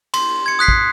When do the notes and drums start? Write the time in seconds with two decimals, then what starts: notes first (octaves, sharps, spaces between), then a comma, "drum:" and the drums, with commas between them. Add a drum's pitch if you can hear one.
0.14 C6, drum: cymbal
0.46 G#6 C#7
0.59 D#6 F#6 B6 C7
0.68 drum: kick